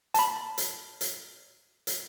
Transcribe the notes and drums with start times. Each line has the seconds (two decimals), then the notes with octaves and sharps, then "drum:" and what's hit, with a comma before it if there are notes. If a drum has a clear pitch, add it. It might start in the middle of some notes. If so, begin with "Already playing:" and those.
0.14 A5 B5, drum: hi-hat
0.58 drum: hi-hat
1.01 drum: hi-hat
1.87 drum: hi-hat